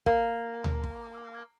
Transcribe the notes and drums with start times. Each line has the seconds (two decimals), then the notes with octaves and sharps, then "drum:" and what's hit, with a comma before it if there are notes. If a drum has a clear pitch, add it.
0.06 A#3, drum: kick
0.64 drum: tom D2
0.84 drum: kick